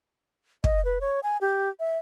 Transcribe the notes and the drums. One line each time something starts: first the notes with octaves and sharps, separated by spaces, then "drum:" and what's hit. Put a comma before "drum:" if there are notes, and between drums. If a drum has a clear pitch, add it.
D#5, drum: kick
B4
C#5
G#5
G4
E5